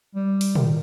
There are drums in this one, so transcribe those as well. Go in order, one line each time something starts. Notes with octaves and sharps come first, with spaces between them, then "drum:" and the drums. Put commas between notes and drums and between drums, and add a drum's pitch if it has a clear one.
G3
drum: open hi-hat
D#3, drum: tom